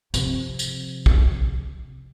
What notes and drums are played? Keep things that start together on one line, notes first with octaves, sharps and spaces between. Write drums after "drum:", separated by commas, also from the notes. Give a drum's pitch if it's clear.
C3 F3, drum: tambourine
drum: tambourine
drum: kick